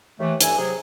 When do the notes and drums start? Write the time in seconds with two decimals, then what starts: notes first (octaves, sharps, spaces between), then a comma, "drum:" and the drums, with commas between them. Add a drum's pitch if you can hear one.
0.20 D#2 E3 A3
0.41 G2 E3 A4 G#5, drum: hi-hat
0.59 C3 F#3 G#4